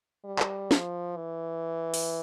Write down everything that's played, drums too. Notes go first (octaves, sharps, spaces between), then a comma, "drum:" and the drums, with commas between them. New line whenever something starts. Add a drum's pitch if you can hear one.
G3
drum: clap
F3, drum: snare
E3
drum: open hi-hat